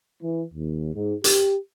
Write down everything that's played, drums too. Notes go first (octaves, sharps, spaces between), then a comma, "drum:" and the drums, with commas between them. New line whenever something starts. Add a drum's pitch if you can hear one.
E3
D#2
G#2
G4, drum: hi-hat